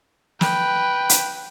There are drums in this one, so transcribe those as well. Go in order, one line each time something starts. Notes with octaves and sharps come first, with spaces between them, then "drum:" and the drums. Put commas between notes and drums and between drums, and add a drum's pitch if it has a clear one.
B4 G5, drum: snare
drum: hi-hat